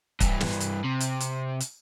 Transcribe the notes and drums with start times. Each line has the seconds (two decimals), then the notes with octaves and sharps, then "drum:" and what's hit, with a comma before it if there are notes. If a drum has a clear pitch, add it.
0.20 G2 E3, drum: kick C#1, hi-hat
0.40 drum: snare
0.60 drum: hi-hat
0.84 C3
1.00 drum: hi-hat
1.20 drum: hi-hat
1.60 drum: hi-hat